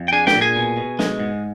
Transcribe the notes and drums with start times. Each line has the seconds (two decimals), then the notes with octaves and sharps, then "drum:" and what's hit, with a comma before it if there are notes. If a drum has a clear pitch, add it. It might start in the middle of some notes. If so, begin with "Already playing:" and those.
Already playing: F2
0.08 G5
0.12 D4 G#4 G#5
0.27 G4 G5, drum: snare
0.35 A#2
0.41 G#4 G#5
0.56 B2
0.77 B2
0.99 G#3, drum: snare
1.20 G#2